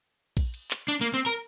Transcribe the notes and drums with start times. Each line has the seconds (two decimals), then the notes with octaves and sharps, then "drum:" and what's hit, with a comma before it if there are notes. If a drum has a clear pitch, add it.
0.37 drum: kick A#1, cymbal
0.54 drum: cymbal
0.71 drum: clap
0.88 D4, drum: cymbal
1.01 A#3
1.14 C4
1.26 A#4